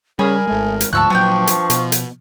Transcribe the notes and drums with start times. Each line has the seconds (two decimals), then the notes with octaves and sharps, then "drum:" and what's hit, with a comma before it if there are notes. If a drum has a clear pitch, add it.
0.19 C#3 G3 G#4 A#4 G#5 B5
0.48 G#1 G#3 A3
0.81 drum: hi-hat
0.93 D2 G#2 F3 A5 C#6 E6 F#6
1.10 A#2 F#3 B3 D4 G5
1.47 drum: hi-hat
1.70 B2, drum: hi-hat
1.92 drum: hi-hat